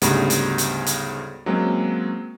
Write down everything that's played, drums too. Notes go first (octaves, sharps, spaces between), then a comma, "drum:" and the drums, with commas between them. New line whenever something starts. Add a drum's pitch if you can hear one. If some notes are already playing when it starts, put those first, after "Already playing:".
D2 G#2 C#3 G3 B3, drum: hi-hat
drum: hi-hat
drum: hi-hat
drum: hi-hat
F#3 G#3 A#3 C4 C#4